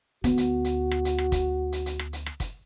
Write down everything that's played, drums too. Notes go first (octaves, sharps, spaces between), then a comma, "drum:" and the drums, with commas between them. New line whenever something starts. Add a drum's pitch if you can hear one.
D2 B3 F#4, drum: kick, hi-hat
drum: hi-hat
drum: hi-hat
drum: rim click
drum: hi-hat
drum: rim click
drum: kick, hi-hat
drum: hi-hat
drum: hi-hat
drum: rim click
drum: hi-hat
drum: rim click
drum: kick, hi-hat